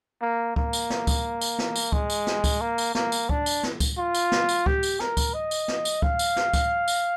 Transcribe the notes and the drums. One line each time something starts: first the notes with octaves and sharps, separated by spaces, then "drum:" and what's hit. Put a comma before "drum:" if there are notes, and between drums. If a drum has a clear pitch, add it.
A#3
A#3, drum: kick C#2
drum: tambourine
drum: snare
drum: kick C#2, tambourine
drum: tambourine
drum: snare
drum: tambourine
G#3, drum: kick C#2
drum: tambourine
drum: snare
drum: kick C#2, tambourine
A#3
drum: tambourine
A#3, drum: snare
drum: tambourine
D4, drum: kick C#2
drum: tambourine
drum: snare
drum: kick C#2, tambourine
F4
drum: tambourine
drum: snare
drum: tambourine
G4, drum: kick C#2
drum: tambourine
A#4, drum: snare
drum: kick C#2, tambourine
D#5
drum: tambourine
drum: snare
drum: tambourine
F5, drum: kick C#2
drum: tambourine
drum: snare
drum: kick C#2, tambourine
drum: tambourine